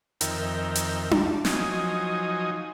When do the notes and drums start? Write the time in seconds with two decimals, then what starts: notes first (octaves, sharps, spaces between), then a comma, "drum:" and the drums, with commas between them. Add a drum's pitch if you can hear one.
0.21 F2 D#3 A#4 E5 G5, drum: hi-hat
0.75 drum: hi-hat
1.11 D5, drum: tom D4
1.45 F3 F#3 D#4 G#5 D#6, drum: snare